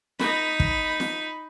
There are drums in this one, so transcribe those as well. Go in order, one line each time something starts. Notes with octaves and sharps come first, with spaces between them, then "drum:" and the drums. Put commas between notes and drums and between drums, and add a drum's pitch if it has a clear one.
D#4 B5, drum: snare
drum: kick
drum: snare